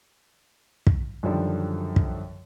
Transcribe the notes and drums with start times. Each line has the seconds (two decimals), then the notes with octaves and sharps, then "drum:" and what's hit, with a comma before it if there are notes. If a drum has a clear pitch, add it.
0.87 drum: kick
1.23 F#2 D3 D#3 F3 G3
1.96 drum: kick